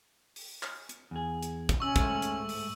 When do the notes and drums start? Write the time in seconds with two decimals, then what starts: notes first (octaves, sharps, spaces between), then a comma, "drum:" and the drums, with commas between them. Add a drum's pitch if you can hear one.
0.36 drum: open hi-hat
0.63 drum: clap
0.89 drum: hi-hat
1.11 E2 G#4
1.43 drum: hi-hat
1.69 drum: kick, hi-hat
1.80 C#4 C#6 E6 F#7
1.96 G#2 A3 E6, drum: kick, hi-hat
2.22 drum: hi-hat
2.49 drum: open hi-hat